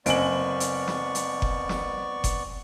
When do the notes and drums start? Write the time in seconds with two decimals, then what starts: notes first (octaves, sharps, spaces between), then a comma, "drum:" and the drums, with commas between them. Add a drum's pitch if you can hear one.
0.06 F#1 B3 C4 D5 G#5 C#6 D7 F#7, drum: hi-hat
0.60 drum: hi-hat
0.87 drum: snare
1.15 drum: hi-hat
1.42 drum: kick F#1
1.69 drum: snare
2.24 drum: kick F#1, hi-hat